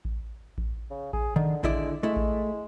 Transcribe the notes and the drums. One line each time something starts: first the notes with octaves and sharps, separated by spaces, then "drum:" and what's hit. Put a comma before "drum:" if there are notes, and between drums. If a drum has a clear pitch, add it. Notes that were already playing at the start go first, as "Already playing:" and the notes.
drum: kick A1
drum: kick A1
C#3
G#4, drum: kick A1
D3 D#3
D3 G#3 E4 D5, drum: kick A1
G#3 A3 E4
drum: kick A1